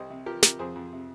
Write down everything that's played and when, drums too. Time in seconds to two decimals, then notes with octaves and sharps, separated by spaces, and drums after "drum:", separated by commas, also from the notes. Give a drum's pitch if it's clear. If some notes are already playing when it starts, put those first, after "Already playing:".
Already playing: C2 C5 D#5
0.10 C3
0.26 F3 G4 A#4
0.43 C3 G4 A#4, drum: snare
0.59 F2 G#4 C5
0.76 F2
0.93 C3